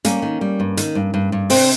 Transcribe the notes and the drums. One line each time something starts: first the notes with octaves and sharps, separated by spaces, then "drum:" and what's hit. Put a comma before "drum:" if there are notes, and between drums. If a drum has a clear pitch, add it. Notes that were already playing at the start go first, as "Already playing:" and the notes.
G3 A#3 C#4, drum: hi-hat
D#3
G3
G2
D#3, drum: hi-hat
G2
G2
G2
C3 C4, drum: open hi-hat